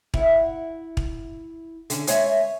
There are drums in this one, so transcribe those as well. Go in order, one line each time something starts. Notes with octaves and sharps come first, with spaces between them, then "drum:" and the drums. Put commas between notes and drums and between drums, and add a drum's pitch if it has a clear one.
E4 F#5, drum: kick
drum: kick
D3 C#4, drum: hi-hat
G#3 C#5 E5 G#5, drum: hi-hat